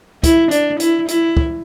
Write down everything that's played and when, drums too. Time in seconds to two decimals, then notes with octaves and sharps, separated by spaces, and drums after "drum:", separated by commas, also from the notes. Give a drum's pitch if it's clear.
0.24 E4, drum: kick, hi-hat
0.51 D4, drum: hi-hat
0.80 E4, drum: hi-hat
1.08 E4, drum: hi-hat
1.37 drum: kick